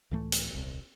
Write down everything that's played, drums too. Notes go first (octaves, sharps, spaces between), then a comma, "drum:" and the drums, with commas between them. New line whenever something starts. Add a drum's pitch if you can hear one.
C#2 A2 E3 A3
drum: hi-hat
D#1 C2